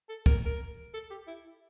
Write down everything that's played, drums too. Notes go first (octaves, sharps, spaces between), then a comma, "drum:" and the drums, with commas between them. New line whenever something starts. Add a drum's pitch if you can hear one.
A4
A#4, drum: kick
A#4
A4
G4
E4